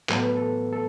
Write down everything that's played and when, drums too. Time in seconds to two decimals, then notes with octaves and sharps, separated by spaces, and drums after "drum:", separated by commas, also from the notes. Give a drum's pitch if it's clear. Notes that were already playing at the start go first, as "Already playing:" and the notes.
0.09 A2 F#3 B3 A4, drum: clap
0.23 B4
0.37 A4
0.73 A4